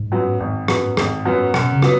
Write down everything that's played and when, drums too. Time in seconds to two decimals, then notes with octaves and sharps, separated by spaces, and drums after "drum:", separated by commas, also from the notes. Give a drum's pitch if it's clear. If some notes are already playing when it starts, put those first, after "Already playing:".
Already playing: G#2
0.12 F#2 F#3 B3
0.40 G#1
0.68 F#2 F#3 B3, drum: rim click
0.97 G#1, drum: rim click
1.25 F#2 F#3 B3
1.54 F#2 B2, drum: rim click
1.73 C#3
1.82 F#3 B3, drum: rim click